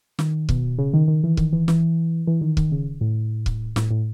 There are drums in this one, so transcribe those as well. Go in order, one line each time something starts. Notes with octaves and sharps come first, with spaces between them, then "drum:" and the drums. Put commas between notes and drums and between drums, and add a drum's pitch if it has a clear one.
D#3, drum: snare
B2, drum: kick
C#3
D#3
D#3
E3
D#3, drum: kick
E3
E3, drum: snare
E3
D#3
D#3, drum: kick
C#3
A2
drum: kick
A2, drum: snare
A2